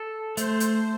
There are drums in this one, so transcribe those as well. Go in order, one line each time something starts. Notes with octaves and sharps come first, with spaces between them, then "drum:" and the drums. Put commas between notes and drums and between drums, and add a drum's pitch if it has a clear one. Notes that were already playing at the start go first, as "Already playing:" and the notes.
Already playing: A4
A3 C5, drum: hi-hat
drum: hi-hat